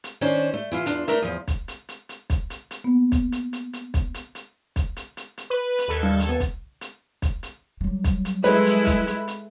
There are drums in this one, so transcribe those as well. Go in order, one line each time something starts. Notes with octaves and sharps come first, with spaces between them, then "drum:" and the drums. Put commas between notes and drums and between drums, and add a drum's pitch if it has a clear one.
drum: hi-hat
D#3 C#4 D4 C5 D5
A3
E3 E4 F4
E2 D4 F4, drum: hi-hat
A3 D4 A#4 E5, drum: hi-hat
E2 F3
drum: kick B1, hi-hat
drum: hi-hat
drum: hi-hat
drum: hi-hat
drum: kick B1, hi-hat
drum: hi-hat
drum: hi-hat
A#3 B3
drum: kick B1, hi-hat
drum: hi-hat
drum: hi-hat
drum: hi-hat
drum: kick B1, hi-hat
drum: hi-hat
drum: hi-hat
drum: kick B1, hi-hat
drum: hi-hat
drum: hi-hat
drum: hi-hat
B4
drum: hi-hat
D#2 A4 G#6
G2
drum: hi-hat
B3
drum: kick B1, hi-hat
drum: hi-hat
drum: kick B1, hi-hat
drum: hi-hat
F#3 G3
drum: kick B1, hi-hat
drum: hi-hat
G#3 E4 A4 B4, drum: hi-hat
drum: hi-hat
drum: kick B1, hi-hat
drum: hi-hat
drum: hi-hat